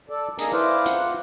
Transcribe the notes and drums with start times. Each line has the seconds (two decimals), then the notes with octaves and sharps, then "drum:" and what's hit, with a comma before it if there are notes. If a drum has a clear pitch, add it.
0.10 A4 D5
0.38 A#3 D#4 G#4 A#4 A#5, drum: hi-hat
0.52 E4 B4 C5 D5 F5
0.86 F4 F#5, drum: hi-hat